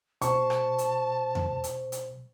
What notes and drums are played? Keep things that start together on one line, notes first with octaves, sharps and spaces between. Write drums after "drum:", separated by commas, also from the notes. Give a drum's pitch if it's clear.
B2 C5 A5 C#6, drum: hi-hat
drum: rim click
drum: hi-hat
drum: tom E2
drum: hi-hat
drum: hi-hat